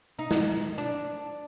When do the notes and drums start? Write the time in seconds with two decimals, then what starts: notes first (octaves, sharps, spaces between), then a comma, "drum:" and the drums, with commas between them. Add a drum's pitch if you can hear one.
0.19 D#4
0.31 drum: snare
0.78 D4